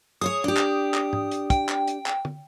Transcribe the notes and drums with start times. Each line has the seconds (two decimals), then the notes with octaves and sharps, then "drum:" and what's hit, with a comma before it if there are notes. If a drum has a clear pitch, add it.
0.21 G#4 C5 C#5 D#6
0.44 D4 G4
0.57 drum: clap
0.94 drum: clap
1.13 drum: tom G#2
1.31 drum: hi-hat
1.50 G5, drum: kick, hi-hat
1.69 drum: clap
1.88 drum: hi-hat
2.06 drum: clap
2.25 drum: tom